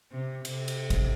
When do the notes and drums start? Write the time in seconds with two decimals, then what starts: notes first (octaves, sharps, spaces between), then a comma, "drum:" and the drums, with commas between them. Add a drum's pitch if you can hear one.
0.11 C3
0.45 C3, drum: cymbal
0.68 drum: cymbal
0.90 drum: kick, cymbal